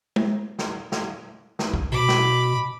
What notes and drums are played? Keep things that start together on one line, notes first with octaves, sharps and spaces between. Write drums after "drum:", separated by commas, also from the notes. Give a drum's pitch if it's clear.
drum: tom G#3
drum: snare
drum: snare
drum: snare
drum: kick
B2 B5 D6
drum: snare